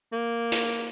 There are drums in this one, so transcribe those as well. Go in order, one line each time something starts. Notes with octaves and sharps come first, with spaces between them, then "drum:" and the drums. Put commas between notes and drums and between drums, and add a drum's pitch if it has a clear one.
A#3
drum: hi-hat